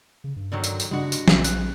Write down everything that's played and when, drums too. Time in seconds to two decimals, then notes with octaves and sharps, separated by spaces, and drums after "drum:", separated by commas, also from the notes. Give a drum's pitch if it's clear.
0.24 C#3
0.36 G2
0.52 D3 D#3 F#3
0.64 drum: tambourine
0.80 drum: tambourine
0.91 C#3 G3 G#3 D4 F#4
1.12 drum: tambourine
1.28 A#1 C#3 B3, drum: snare
1.44 F#6, drum: tambourine